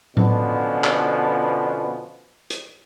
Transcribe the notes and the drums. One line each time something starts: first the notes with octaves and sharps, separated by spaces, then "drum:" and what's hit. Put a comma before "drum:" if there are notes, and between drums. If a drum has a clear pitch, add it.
F2 B2 D3 F3 B3 C#4, drum: tom A2
drum: clap
drum: hi-hat